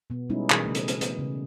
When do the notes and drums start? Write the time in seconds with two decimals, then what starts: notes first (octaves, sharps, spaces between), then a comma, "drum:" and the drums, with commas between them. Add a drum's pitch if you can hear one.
0.10 B2 B3
0.29 G3 G#3 B3 C#4 D#4 E4
0.50 B2 E3 G#4 A#4, drum: clap
0.66 C#3 A3
0.75 drum: hi-hat
0.88 drum: hi-hat
1.01 B3, drum: hi-hat
1.19 C#3